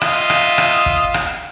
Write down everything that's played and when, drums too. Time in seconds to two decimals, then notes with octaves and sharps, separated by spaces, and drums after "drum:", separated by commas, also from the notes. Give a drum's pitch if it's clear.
0.01 F4 D#5 E5, drum: rim click
0.30 drum: rim click
0.58 drum: rim click
0.86 drum: kick
1.14 drum: rim click